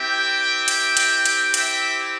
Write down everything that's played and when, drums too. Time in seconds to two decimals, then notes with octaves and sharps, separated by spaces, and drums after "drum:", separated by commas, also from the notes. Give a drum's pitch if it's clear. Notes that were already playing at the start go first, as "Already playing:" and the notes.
Already playing: C4 E4 G4 E5 G5
0.68 drum: hi-hat
0.97 drum: hi-hat
1.25 drum: hi-hat
1.54 E5 G5, drum: hi-hat